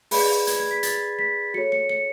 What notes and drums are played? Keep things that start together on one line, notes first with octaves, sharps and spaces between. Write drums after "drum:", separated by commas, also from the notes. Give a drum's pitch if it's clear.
G#4 B4 D5 B5, drum: open hi-hat
G#6, drum: hi-hat
G#6
B6
A6, drum: hi-hat
B6
F#4 A4 C#5 C#7
C#7
C#7